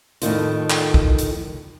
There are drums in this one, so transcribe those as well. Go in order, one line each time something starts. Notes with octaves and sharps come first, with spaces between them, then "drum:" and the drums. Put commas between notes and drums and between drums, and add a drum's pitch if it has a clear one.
F2 A2 D#3 F4, drum: hi-hat
drum: clap
drum: kick
drum: hi-hat